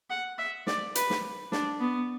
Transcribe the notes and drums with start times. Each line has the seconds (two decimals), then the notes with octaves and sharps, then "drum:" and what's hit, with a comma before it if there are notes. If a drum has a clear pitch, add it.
0.10 F#5
0.38 E5
0.67 D5, drum: snare
0.95 B4, drum: hi-hat
1.10 drum: snare
1.52 D4, drum: snare
1.80 B3